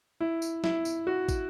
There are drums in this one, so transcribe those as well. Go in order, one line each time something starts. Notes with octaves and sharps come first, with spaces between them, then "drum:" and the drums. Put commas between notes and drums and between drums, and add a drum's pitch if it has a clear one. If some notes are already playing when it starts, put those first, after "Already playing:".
E4
drum: tambourine
E4, drum: snare
drum: tambourine
F#4
drum: kick, tambourine